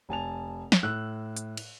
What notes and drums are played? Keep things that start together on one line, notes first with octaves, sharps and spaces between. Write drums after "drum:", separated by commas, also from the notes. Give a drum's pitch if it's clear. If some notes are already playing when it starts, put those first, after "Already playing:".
F1 G#5 A5 F7
drum: snare
A2 E6 F#6
drum: hi-hat
drum: cymbal